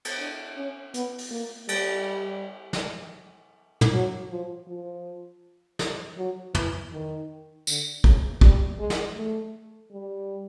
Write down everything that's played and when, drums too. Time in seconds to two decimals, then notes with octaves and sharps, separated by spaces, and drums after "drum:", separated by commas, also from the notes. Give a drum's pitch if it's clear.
0.05 drum: cymbal
0.18 D4
0.57 C#4
0.94 B3, drum: hi-hat
1.18 drum: open hi-hat
1.31 A#3
1.69 G3, drum: cymbal
2.73 drum: snare
3.81 drum: tom
3.93 F#3
4.30 F3
4.67 F3
5.79 drum: snare
6.17 F#3
6.55 E3, drum: tom
6.93 D#3
7.67 D3, drum: tambourine
8.04 C#3, drum: kick
8.41 G3, drum: kick
8.79 G#3
8.90 drum: snare
9.16 A3
9.91 G3